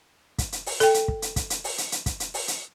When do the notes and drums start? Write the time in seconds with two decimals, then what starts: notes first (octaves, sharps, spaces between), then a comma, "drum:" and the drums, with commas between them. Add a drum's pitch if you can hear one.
0.38 drum: kick, hi-hat
0.52 drum: hi-hat
0.66 drum: open hi-hat
0.80 A4 G5, drum: hi-hat
0.94 drum: hi-hat
1.08 drum: kick
1.22 drum: hi-hat
1.36 drum: kick, hi-hat
1.50 drum: hi-hat
1.64 drum: open hi-hat
1.78 drum: hi-hat
1.92 drum: hi-hat
2.06 drum: kick, hi-hat
2.20 drum: hi-hat
2.34 drum: open hi-hat
2.48 drum: hi-hat